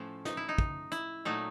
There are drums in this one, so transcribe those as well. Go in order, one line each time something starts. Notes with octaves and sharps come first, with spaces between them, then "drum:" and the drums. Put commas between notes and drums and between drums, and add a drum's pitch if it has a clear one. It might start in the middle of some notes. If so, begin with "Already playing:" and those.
Already playing: A2 F3 A3 C#4
D#4, drum: snare
E4
D#4
drum: kick
E4, drum: hi-hat
A#2 F#3 A3 D#4